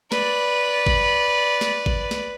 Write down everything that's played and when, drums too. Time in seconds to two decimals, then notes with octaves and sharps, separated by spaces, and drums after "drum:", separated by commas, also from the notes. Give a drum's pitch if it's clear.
0.12 B4 D5, drum: snare
0.86 drum: kick G#1
1.61 drum: snare
1.86 drum: kick G#1
2.11 drum: snare